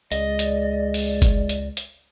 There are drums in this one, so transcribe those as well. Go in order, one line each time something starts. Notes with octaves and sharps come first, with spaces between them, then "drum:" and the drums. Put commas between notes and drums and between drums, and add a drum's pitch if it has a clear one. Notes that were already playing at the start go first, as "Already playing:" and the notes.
C#2 G#3 D5 D#5, drum: hi-hat
drum: hi-hat
drum: open hi-hat
drum: kick G1, hi-hat
drum: hi-hat
drum: hi-hat